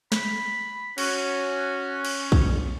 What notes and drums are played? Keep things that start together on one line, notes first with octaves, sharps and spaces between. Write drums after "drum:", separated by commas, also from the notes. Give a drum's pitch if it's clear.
B5, drum: snare
C#4 F#4, drum: cymbal
drum: cymbal
drum: kick